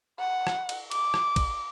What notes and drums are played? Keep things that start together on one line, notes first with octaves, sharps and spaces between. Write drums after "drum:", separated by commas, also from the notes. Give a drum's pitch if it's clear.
F#5
drum: rim click
drum: cymbal
D6, drum: cymbal
drum: rim click
drum: kick, cymbal